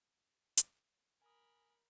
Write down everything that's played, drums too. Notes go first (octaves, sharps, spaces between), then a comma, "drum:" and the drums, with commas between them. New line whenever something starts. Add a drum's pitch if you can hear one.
drum: hi-hat
A#4 G#5 B5 D#6